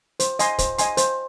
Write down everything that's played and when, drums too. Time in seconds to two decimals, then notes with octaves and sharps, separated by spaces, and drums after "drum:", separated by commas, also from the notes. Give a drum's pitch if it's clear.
0.20 C5, drum: hi-hat
0.39 D#5 G#5 C6, drum: hi-hat
0.59 C5, drum: kick, hi-hat
0.78 D#5 G#5 C6, drum: hi-hat
0.97 C5, drum: hi-hat